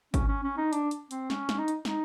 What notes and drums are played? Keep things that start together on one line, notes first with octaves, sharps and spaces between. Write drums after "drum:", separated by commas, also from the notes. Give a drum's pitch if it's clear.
C#4, drum: kick G#1, hi-hat
C#4
C#4
D#4
D4, drum: hi-hat
drum: hi-hat
C4, drum: hi-hat
C#4, drum: snare
drum: snare
D#4
drum: hi-hat
D#4, drum: snare